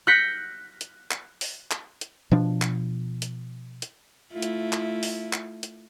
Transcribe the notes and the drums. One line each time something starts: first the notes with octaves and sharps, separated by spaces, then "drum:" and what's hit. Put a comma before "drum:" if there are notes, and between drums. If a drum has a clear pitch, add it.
F#6 G6 A#6 B6 C#7
drum: hi-hat
drum: clap
drum: open hi-hat
drum: clap
drum: hi-hat
B2 F3 D4
drum: clap
drum: hi-hat
drum: hi-hat
A3 E4 F4
drum: hi-hat
drum: clap
drum: open hi-hat
drum: clap
drum: hi-hat